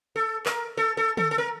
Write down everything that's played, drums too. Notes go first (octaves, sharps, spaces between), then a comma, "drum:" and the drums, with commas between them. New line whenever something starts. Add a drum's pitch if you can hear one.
A4
A#4, drum: clap
A4
A4
A4, drum: tom
A4
A#4